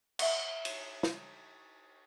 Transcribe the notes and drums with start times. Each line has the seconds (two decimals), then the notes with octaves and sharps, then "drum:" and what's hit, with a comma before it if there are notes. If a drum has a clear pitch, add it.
0.19 E5 F#5, drum: cymbal
0.65 drum: cymbal
1.03 drum: snare